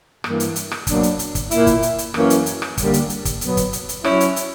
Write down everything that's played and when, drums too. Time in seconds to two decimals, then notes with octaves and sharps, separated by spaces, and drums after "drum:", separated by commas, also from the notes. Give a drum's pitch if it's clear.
0.24 G2 E3 A#3, drum: rim click
0.40 drum: hi-hat
0.56 drum: hi-hat
0.71 drum: rim click
0.87 B2 F#3 A#3 D4, drum: kick, hi-hat
1.03 drum: hi-hat
1.19 drum: hi-hat
1.35 drum: kick, hi-hat
1.51 A#2 A#3 E4, drum: hi-hat
1.67 drum: kick, hi-hat
1.83 drum: hi-hat
1.98 drum: hi-hat
2.14 F#2 E3 A#3 C#4, drum: rim click
2.30 drum: hi-hat
2.46 drum: hi-hat
2.62 drum: rim click
2.78 D3 G3 A#3, drum: kick, hi-hat
2.94 drum: hi-hat
3.09 drum: hi-hat
3.25 drum: kick, hi-hat
3.41 B2 F#3 B3, drum: hi-hat
3.57 drum: kick, hi-hat
3.73 drum: hi-hat
3.89 drum: hi-hat
4.04 F#3 C#4 E4, drum: rim click
4.20 drum: hi-hat
4.36 drum: hi-hat